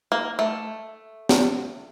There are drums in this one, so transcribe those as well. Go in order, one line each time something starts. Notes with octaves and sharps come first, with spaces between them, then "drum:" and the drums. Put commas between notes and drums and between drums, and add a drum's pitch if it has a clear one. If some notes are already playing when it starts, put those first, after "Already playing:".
A#3
A3
drum: snare